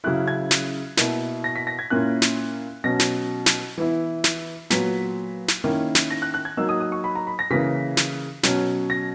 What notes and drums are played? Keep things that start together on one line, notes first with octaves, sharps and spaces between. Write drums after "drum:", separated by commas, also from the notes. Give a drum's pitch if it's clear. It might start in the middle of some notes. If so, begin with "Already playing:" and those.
C#3 F#3 C#4 E4 F#6
G#6
drum: snare
B2 A#3 E4, drum: snare
A#6
B6
A#6
G#6
A#2 A#3 C#4 E4 F#6
drum: snare
B2 F#3 C#4 A#6
drum: snare
drum: snare
E3 B3 E4
drum: snare
A#2 F#3 B3 B6, drum: snare
drum: snare
D#3 A#3 C#4 E4
drum: snare
A#6
F#6
F#6
G#6
F#3 A#3 D#4 E6
D#6
D#6
C#6
B5
A#5
B5
A#6
C#3 E3 A#3 B6
drum: snare
B2 F#3 C#4, drum: snare
A#6